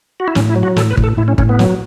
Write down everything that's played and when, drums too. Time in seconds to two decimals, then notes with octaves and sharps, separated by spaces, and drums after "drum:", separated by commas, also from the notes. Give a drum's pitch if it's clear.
0.20 F#4
0.28 E4
0.35 A2 C#4, drum: snare
0.49 E4
0.56 F#3
0.63 F#4
0.77 A2 A4, drum: snare
0.91 B4
0.97 A2, drum: kick
1.04 A4
1.17 A2 E4
1.28 C#4
1.38 A2 C#4, drum: kick
1.49 B3
1.59 F#3, drum: snare